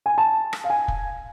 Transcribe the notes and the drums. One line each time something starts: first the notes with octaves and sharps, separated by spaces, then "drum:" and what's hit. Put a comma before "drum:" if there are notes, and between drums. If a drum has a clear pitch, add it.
G#5
A5
drum: rim click
F5
G#5
drum: kick